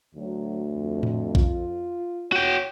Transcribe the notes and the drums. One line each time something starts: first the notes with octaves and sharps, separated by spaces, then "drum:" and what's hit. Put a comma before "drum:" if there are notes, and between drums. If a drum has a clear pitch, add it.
D2 F#3
F2
drum: tom A2
F4, drum: kick A#1
F#4 C#5 G5